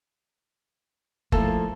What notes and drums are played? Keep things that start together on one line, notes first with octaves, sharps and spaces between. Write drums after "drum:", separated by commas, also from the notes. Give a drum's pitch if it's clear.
F3 A3 A#3 E4 A4, drum: kick F#1